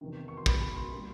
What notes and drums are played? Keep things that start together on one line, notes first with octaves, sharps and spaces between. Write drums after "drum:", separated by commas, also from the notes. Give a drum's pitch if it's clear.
E2 C3 D#3
C#6
C6
B2 G#3 B3 B5, drum: kick
B5
C6
A#2 G3 A#3 C6